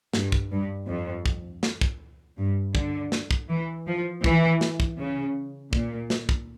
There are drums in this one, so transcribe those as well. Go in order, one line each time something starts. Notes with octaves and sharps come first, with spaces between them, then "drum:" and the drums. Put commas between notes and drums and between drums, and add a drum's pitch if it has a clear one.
G2, drum: snare
drum: kick
G2
F2
drum: kick
drum: snare
drum: kick
G2
D3, drum: kick
drum: snare
drum: kick
E3
F3
E3, drum: kick
drum: snare
drum: kick
C#3
A#2, drum: kick
drum: snare
drum: kick